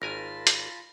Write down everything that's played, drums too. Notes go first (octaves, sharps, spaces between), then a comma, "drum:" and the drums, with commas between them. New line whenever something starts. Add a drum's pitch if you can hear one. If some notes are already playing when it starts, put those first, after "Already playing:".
G#1 F4 A#4 G#5 A5 B5 A#6
drum: hi-hat